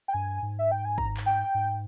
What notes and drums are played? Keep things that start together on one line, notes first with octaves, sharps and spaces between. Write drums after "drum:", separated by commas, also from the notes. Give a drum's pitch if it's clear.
G5
G2 G#5
G#2
E5
G5
G#5
A#5, drum: kick
drum: clap
G5
G#2